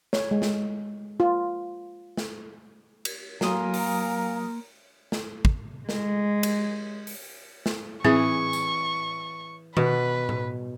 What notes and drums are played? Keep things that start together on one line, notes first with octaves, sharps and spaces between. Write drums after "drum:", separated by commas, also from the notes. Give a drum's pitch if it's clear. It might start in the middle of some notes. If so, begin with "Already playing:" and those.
C#5, drum: snare
G#3
drum: snare
F4
drum: snare
drum: cymbal
F#3 A#3 A#4 F5 G#5 A#5 C6 D#6, drum: snare
drum: open hi-hat
drum: snare
drum: kick
G#3, drum: snare
drum: cymbal
drum: open hi-hat
drum: snare
E3 C4 G#4 C#6, drum: tom A2
drum: tambourine
B2 B4, drum: tom D#3
drum: tom A2